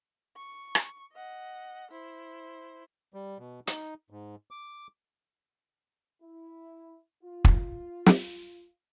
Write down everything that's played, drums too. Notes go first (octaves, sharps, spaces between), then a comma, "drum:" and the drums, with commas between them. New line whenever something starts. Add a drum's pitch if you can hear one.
C#6
drum: rim click
D#5 F#5
E4 C5
G3
B2
D#4, drum: hi-hat
G#2
D6
E4
F4
drum: kick
drum: snare